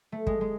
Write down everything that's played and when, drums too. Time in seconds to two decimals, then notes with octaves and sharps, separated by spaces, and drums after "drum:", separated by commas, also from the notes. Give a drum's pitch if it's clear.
0.12 A3
0.27 G#3, drum: kick
0.41 G#3